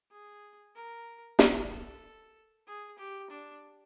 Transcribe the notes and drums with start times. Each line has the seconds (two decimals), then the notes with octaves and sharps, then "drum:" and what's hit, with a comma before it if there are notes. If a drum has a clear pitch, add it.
0.11 G#4
0.75 A#4
1.39 A#4, drum: snare
1.71 A4
2.67 G#4
2.99 G4
3.30 D4